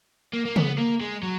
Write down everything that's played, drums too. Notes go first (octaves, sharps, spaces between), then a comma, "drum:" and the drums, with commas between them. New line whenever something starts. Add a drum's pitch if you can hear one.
A#3
A#3
B3, drum: tom C#3
A#3
G#3
F#3